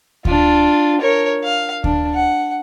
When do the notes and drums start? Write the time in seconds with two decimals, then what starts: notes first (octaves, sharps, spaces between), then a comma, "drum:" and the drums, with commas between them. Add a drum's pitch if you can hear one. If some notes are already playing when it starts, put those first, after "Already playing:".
0.25 D4 F4, drum: kick D2
1.01 A#4 C#5
1.44 F5
1.84 D4, drum: kick D2
2.14 F#5